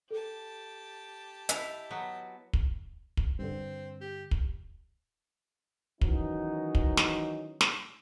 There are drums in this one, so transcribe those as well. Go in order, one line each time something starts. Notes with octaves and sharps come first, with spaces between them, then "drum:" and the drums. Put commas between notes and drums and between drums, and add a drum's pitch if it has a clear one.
G4 A4 A5
E4 D#5 F7, drum: hi-hat
F#3 B3
drum: kick
drum: kick
G2 D3 C4
G4
drum: kick
D#3 E3 F#3 C#4 D#4, drum: kick
drum: kick
drum: snare
drum: snare